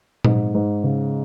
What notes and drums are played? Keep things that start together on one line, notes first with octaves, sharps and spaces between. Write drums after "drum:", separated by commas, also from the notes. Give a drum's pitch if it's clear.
G#2, drum: tom A#2
G#2
C#3